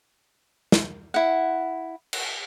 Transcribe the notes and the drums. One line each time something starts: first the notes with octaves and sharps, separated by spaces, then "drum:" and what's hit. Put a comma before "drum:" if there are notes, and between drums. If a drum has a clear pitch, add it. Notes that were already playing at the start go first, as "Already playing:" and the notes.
drum: snare
E4 F#5
drum: cymbal